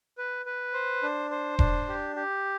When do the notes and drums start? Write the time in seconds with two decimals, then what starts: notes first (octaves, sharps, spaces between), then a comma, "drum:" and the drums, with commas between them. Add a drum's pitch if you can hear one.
0.18 B4
0.46 B4
0.74 C5
1.03 D4
1.31 C5
1.59 D4, drum: kick E1
1.88 G4
2.16 G4